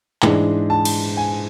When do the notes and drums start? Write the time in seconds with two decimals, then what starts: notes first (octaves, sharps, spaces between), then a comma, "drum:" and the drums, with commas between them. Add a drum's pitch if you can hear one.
0.22 G#2 E3 G#3 D4, drum: clap
0.70 A5
0.85 drum: cymbal
1.17 G#5